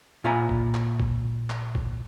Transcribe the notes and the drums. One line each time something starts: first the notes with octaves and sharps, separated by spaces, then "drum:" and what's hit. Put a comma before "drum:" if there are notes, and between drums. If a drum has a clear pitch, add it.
A#2 F4 E5 G#5 A#5 B5
drum: kick A1
drum: clap
drum: kick A1
drum: clap
drum: kick A1